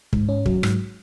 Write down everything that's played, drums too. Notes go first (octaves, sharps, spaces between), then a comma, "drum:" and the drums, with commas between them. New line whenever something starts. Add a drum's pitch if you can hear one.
G#2, drum: kick
C#4
F#3, drum: kick
G#2, drum: rim click